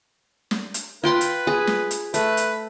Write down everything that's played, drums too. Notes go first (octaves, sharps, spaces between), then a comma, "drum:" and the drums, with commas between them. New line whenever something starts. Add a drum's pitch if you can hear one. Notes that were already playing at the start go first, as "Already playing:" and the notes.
drum: snare
drum: hi-hat
F4 B4 G5 C6
drum: hi-hat
G#4
drum: snare
drum: hi-hat
A3 B4, drum: hi-hat
drum: hi-hat